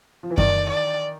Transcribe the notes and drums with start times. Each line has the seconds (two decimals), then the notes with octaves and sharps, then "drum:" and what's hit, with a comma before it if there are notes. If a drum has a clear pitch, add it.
0.23 F3
0.30 E3
0.38 D#3 D5, drum: kick F#2
0.70 D5